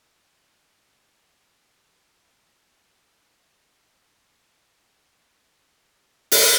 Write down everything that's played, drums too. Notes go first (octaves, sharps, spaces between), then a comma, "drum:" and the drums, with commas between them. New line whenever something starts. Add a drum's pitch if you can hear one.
E3 D5 A#6
G4 A#4 F5 A#5 B5 D#6
D#5
C3
G2
G#2
D#2
E1
B3
A#4 C5
drum: open hi-hat